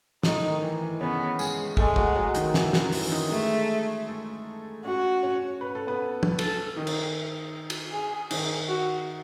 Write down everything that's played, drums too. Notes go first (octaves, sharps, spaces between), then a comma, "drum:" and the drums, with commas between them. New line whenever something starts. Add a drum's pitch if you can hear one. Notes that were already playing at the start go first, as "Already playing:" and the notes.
A2 A3 D#4, drum: snare
D#3
E3
E3
C#3 B3 C#4
G#3 G#4, drum: tambourine
G#3 A3 A4, drum: kick
F#3 F#4, drum: kick
F#3 F#4
D#3 D#4, drum: hi-hat
E3 E4, drum: snare
F#2 F#3, drum: snare
E3, drum: open hi-hat
D#3 D#4
G#3 A3 G#4
A3 A4
C#4 F#4 C#5
C#4 C#5
B4
A4
B3 B4
drum: tom
A4, drum: cymbal
D#3 D#4
drum: cymbal
drum: cymbal
G#4
D#3 D#4, drum: cymbal
F#4